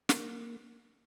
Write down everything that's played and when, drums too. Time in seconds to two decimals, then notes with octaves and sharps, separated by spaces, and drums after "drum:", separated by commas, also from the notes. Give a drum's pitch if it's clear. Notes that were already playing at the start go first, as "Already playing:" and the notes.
0.09 A#3, drum: snare